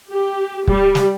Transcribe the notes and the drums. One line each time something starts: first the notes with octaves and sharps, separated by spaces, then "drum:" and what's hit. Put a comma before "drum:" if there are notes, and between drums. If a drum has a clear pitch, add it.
G4
G3, drum: kick
drum: snare